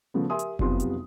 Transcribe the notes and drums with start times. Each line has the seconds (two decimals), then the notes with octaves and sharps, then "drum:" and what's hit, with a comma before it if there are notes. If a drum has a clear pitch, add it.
0.14 C#3 F3 A3 B3
0.30 G4 A#4 E5 G#5 C6 D#6
0.39 drum: hi-hat
0.59 F1 B1 C3 B3 F4 C6, drum: kick F#1
0.80 drum: hi-hat